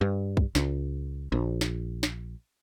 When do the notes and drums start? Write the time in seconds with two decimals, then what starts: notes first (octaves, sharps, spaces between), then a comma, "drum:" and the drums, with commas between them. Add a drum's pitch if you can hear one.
0.01 G2
0.37 drum: kick
0.55 C#2, drum: snare
1.32 A#1
1.61 drum: snare
2.03 drum: snare